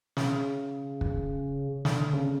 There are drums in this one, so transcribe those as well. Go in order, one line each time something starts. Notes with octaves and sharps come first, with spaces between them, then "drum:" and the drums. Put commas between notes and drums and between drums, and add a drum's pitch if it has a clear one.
C#3, drum: snare
drum: kick
D3, drum: snare
C#3